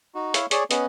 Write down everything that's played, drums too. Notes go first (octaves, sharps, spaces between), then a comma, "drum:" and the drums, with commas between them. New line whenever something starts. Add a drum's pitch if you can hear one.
D#4 F#4
E4 C#5 E5 F5, drum: hi-hat
G#4 C#5 D5, drum: hi-hat
B3 C#4 B4 D#5, drum: hi-hat